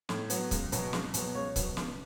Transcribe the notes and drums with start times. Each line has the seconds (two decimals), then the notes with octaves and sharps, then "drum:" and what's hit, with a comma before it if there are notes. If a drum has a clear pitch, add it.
0.09 A2, drum: snare
0.30 F#3 B3, drum: hi-hat
0.51 C#2, drum: kick C#1, hi-hat
0.72 B2 F#3 B3, drum: hi-hat
0.93 C#2, drum: snare
1.14 B2 F#3 B3, drum: hi-hat
1.35 C#2 C#5
1.56 B2 F#3 B3 B4, drum: kick C#1, hi-hat
1.77 C#2, drum: snare